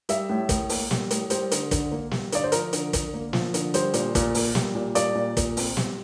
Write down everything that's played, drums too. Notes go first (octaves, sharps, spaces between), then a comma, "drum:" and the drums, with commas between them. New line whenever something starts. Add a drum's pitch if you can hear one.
G3 E5, drum: hi-hat
A2
A2, drum: kick, hi-hat
A#3, drum: open hi-hat
G3, drum: snare
A2, drum: hi-hat
G3 C5, drum: hi-hat
D3, drum: hi-hat
D3, drum: kick, hi-hat
A#3
G3, drum: snare
D3 D5, drum: hi-hat
C5
F3 A#4, drum: hi-hat
D3, drum: hi-hat
D3, drum: kick, hi-hat
A#3
F3, drum: snare
D3, drum: hi-hat
G3 C5, drum: hi-hat
A#2, drum: hi-hat
A#2, drum: kick, hi-hat
A#3, drum: open hi-hat
G3, drum: snare
A#2
G3 D5, drum: hi-hat
A#2
A#2, drum: kick, hi-hat
C4, drum: open hi-hat
G3, drum: snare